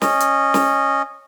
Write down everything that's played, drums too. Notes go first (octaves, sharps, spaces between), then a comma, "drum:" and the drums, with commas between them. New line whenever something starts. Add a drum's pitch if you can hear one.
C#4 D#5, drum: snare
drum: hi-hat
drum: snare